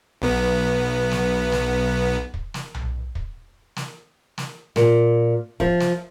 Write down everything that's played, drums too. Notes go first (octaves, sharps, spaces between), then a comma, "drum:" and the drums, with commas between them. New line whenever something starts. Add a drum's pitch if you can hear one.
B1 B3
drum: snare
drum: snare
drum: kick
drum: snare
drum: tom B1
drum: kick
drum: snare
drum: snare
A#2, drum: snare
F3, drum: kick
drum: snare